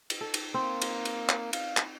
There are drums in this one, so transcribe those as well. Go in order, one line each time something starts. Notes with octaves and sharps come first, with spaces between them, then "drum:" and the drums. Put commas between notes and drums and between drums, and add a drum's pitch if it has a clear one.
drum: cymbal
A4
drum: cymbal
A#3 C4
drum: cymbal
drum: cymbal
drum: clap
F5, drum: cymbal
drum: clap